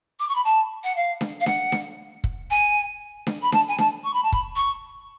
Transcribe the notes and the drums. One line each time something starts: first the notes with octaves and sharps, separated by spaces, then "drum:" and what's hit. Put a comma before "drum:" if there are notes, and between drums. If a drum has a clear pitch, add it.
D6
C#6
B5
A5
F#5
F5
drum: snare D4
F5
F#5, drum: snare D4
drum: snare D4
drum: kick
G#5
drum: snare D4
B5
A5, drum: snare D4
G#5
A5, drum: snare D4
C#6
B5
A5
B5, drum: kick
C#6